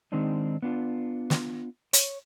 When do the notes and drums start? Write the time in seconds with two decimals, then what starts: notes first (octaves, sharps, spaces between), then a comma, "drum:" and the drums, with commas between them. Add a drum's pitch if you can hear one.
0.12 D#3 G#3 C4 D4 D#4
0.62 B3 D4 F4
1.30 drum: snare
1.93 C#5, drum: hi-hat